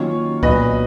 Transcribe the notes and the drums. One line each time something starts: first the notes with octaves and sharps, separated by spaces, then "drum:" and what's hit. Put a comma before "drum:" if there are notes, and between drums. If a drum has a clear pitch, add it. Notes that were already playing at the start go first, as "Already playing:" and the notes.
Already playing: D#3 F#3 A#3 C#4 F4 C#5
A#2 F#3 B3 B4 D#5, drum: kick C2